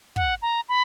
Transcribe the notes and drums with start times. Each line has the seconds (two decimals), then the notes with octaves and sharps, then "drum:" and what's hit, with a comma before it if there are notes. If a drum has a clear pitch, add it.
0.16 F#5, drum: kick
0.42 A#5
0.69 B5